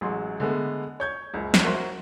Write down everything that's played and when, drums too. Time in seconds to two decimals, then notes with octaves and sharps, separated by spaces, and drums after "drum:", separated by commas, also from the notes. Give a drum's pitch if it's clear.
0.01 A1 F#3 G#3 C6
0.40 D3 G#3 A3 B3
1.00 C#5 G6 G#6
1.34 F#1 C#2
1.54 drum: snare
1.64 F#4 A#4 C5 E5 C6 F#6